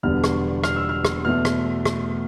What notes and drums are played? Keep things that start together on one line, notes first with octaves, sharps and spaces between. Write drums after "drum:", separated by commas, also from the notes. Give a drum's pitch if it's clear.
E1 E2 D3 G3 B3 F6
drum: rim click
F6, drum: rim click
E6
F6
drum: rim click
E2 B2 A3 F6
drum: rim click
drum: rim click